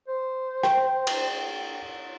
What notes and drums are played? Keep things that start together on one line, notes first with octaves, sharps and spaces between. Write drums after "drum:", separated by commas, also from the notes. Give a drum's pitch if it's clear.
C5
G5, drum: rim click
drum: cymbal